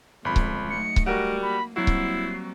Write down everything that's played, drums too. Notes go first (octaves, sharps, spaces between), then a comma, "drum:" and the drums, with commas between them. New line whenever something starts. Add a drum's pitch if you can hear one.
G1 F2 G#3 B5
drum: kick C#1
F#3 A3 D#4 C#7
drum: kick C#1
G3 F#4 A#4 F#5 D7
A#3 B5
F#3 G3 A#3 C4 E4 F#4 C7
drum: kick C#1